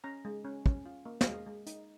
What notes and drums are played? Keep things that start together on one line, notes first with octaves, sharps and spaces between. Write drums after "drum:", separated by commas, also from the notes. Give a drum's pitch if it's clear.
C#4 A#5
G#3
C#4
C#4, drum: kick
F4
A#3
F5, drum: snare
G#3 D#5
G#3
D#4, drum: hi-hat